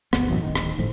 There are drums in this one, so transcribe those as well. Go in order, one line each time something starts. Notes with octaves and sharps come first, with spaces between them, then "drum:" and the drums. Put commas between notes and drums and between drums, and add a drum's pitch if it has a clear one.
G1 D2 B3, drum: rim click
A1 F#2 E3 F#3
D1 D#3
drum: rim click
G1 A2 F3